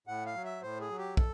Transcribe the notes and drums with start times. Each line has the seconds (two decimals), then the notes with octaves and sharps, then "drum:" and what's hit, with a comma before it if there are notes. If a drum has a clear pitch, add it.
0.07 A2 F#5
0.26 F5
0.35 F#3
0.45 E5
0.62 A2 C5
0.80 G#4
0.90 F#3
0.98 G4
1.17 A4, drum: kick